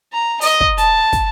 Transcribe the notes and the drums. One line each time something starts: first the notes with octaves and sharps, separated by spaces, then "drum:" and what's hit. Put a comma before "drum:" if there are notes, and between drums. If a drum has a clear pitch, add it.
A#5
D#5, drum: open hi-hat
drum: kick
A5, drum: hi-hat
drum: kick, hi-hat